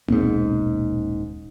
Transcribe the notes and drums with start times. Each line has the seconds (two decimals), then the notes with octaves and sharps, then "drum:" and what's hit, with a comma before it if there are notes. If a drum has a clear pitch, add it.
0.08 D#1 B1 G#2 A#3, drum: tom C4